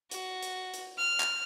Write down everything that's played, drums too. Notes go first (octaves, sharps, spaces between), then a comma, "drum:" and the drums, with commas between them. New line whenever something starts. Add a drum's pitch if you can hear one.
F#4, drum: hi-hat
drum: hi-hat
drum: hi-hat
F6
drum: clap